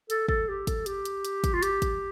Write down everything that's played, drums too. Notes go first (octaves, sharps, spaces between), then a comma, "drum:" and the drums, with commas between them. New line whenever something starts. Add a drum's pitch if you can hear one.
A4, drum: hi-hat
A4, drum: kick
G4
A4, drum: kick, hi-hat
G4, drum: hi-hat
drum: hi-hat
drum: hi-hat
drum: kick, hi-hat
F4
G4, drum: hi-hat
drum: kick, hi-hat